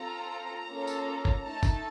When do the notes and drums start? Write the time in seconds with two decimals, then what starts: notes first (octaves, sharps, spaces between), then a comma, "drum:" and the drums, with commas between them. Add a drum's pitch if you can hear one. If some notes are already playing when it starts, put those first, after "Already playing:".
Already playing: C4 F4 A4 A#5
0.68 A#3 C#4 F4 A4
0.87 drum: tambourine
1.25 drum: kick
1.44 A3 D#4 A4 A5
1.63 drum: kick, tambourine